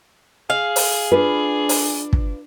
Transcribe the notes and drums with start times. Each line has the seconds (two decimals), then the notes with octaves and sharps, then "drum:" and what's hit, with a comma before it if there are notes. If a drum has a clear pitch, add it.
0.50 G#4 F5
0.76 drum: open hi-hat
1.11 D4 F4 B4
1.69 drum: open hi-hat
2.13 drum: kick